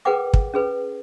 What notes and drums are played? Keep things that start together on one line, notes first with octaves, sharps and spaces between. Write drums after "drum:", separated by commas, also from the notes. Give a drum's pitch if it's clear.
G#4 A#4 B4 F#5 G5 D6
drum: kick
C#4 G#4 B4